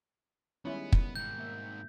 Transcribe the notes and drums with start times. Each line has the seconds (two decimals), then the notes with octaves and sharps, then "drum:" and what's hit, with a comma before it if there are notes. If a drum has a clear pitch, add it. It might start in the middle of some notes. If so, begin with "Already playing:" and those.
0.65 D#3 G3 G#3 B3 C#4 E4
0.93 drum: kick
1.16 G#2 B2 D#3 G6
1.38 A#3 E5